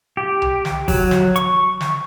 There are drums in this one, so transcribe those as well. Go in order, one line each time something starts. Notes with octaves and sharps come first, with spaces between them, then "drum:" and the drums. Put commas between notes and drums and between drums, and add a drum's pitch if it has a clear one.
G4
drum: tom C2
drum: snare
F#3, drum: kick, open hi-hat
drum: snare
C#6, drum: hi-hat
drum: snare